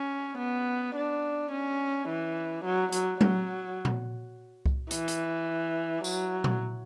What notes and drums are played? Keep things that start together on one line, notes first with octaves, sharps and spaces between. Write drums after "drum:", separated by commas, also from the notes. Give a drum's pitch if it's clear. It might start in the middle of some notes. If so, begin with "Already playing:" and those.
Already playing: C#4
B3
D4
C#4
E3
F#3
F#3, drum: hi-hat
F#3, drum: tom F#3
drum: tom A#2
drum: kick C2
E3, drum: hi-hat
drum: hi-hat
F#3, drum: tambourine
drum: tom A#2